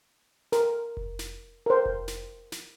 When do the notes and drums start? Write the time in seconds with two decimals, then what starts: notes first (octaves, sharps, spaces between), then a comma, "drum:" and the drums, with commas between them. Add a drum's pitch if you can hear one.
0.52 A#4, drum: snare
0.97 drum: kick F1
1.19 drum: snare
1.66 A#4 C5
1.85 drum: kick F1
2.08 drum: snare
2.52 drum: snare